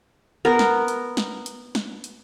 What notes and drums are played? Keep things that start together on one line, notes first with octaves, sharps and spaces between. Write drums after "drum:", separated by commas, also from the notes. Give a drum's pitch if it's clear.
B3 A#4
drum: snare
drum: hi-hat
drum: snare
drum: hi-hat
drum: snare
drum: hi-hat